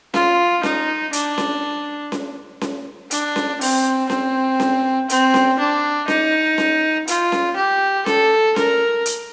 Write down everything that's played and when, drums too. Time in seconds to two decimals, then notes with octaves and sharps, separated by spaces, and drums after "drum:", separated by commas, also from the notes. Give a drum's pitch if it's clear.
0.14 F4, drum: snare C#4
0.63 D#4, drum: snare C#4
1.13 D4, drum: hi-hat
1.38 drum: snare C#4
2.12 drum: snare C#4
2.61 drum: snare C#4
3.11 D4, drum: hi-hat
3.36 drum: snare C#4
3.61 C4, drum: open hi-hat
4.10 C4, drum: snare C#4
4.60 drum: snare C#4
5.09 C4, drum: hi-hat
5.34 drum: snare C#4
5.59 D4
6.08 D#4, drum: snare C#4
6.58 drum: snare C#4
7.07 F4, drum: hi-hat
7.32 drum: snare C#4
7.57 G4
8.06 A4, drum: snare C#4
8.56 A#4, drum: snare C#4
9.06 drum: hi-hat